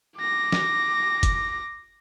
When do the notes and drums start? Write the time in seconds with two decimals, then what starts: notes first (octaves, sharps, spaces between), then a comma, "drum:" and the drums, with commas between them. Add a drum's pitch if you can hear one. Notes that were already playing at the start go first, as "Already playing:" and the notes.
0.17 D6 A#6
0.52 drum: snare
1.23 drum: kick F#1, hi-hat